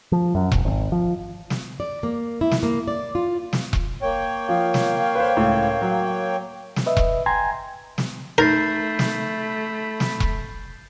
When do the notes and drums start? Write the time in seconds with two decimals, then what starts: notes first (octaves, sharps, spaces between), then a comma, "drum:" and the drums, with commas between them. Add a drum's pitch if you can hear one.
0.12 F3
0.35 F#2
0.52 E1, drum: kick E1
0.65 G#1
0.92 F3
1.50 drum: snare
1.80 D5
2.03 A#3
2.41 E4
2.51 drum: snare
2.63 A#3
2.88 D5
3.15 F4
3.53 drum: snare
3.73 drum: kick E1
4.02 A#3 C#5 G5
4.49 F3 F5
4.74 drum: snare
5.15 B4 C5
5.37 C#2 A2
5.82 F#3
6.76 drum: snare
6.86 B4 D#5 E5
6.97 drum: kick E1
7.26 G5 G#5 A#5 C6 G#6
7.98 drum: snare
8.38 A3 D#4 A#4 B5 G6 A6 C7
8.99 drum: snare
10.00 drum: snare
10.20 drum: kick E1